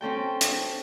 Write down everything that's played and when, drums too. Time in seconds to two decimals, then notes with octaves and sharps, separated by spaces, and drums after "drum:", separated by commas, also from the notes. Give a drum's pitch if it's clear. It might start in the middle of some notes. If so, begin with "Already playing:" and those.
0.01 C4 C#4 A4 G5
0.41 drum: hi-hat